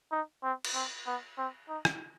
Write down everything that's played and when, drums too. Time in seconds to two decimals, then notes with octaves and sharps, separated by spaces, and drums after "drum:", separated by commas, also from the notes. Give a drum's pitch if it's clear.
0.11 D#4
0.43 C4
0.65 drum: cymbal
0.74 C4
1.07 B3
1.38 C4
1.69 D#4
1.85 drum: rim click